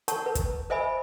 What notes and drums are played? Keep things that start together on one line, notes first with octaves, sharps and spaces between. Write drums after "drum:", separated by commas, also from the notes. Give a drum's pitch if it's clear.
C#5 F#5 A5 A#5 C#6, drum: hi-hat
B4
drum: kick, hi-hat
C5 D#5 E5 G#5 B5